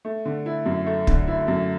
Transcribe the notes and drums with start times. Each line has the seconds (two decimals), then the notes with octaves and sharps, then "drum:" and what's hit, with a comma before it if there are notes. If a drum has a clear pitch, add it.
0.05 A3
0.25 D3
0.46 E4
0.66 F#2
0.86 A3
1.07 D3, drum: kick
1.28 E4
1.48 F#2